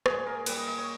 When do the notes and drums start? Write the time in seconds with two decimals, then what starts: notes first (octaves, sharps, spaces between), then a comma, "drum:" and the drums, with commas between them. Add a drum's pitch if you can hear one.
0.06 A#2 G#3 G#4, drum: rim click
0.27 A#4
0.46 A#2 G3 B4, drum: cymbal
0.57 D#5
0.67 D#5
0.78 C#5